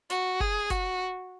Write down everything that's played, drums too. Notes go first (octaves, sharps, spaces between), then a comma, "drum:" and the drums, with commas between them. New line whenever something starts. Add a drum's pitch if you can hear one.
F#4, drum: hi-hat
G#4, drum: kick
F#4, drum: kick, hi-hat